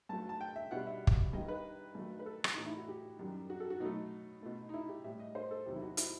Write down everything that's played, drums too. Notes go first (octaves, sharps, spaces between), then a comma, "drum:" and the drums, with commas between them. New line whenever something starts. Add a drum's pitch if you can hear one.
G2 F#3 A3 A5
A5
G5
E5
B2 G3 F#5
E5
drum: kick
G2 D#3 G3 D#5
B4
G2 D#3 F#3 A3
B4
A4
drum: rim click
A2 E3 G3 D#4
E4
F#4
G4
F#2 D#3 G3
F#4
A4
F#4
B2 F#3 A3 D#4
B2 A3
D#4
E4
G4
A2 G3 E5
D#5
C5
A4
E2 C3 D#3 F#3 G4
E4
F#4
E4, drum: hi-hat